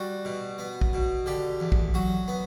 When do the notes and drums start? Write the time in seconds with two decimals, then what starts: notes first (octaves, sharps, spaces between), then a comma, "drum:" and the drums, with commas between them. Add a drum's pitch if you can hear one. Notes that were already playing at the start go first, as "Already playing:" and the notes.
Already playing: G3 F#4
0.25 B2
0.58 B3
0.81 drum: kick
0.93 B2
1.26 D3 G4
1.60 E2
1.72 drum: kick
1.94 F#3 F#4
2.28 B3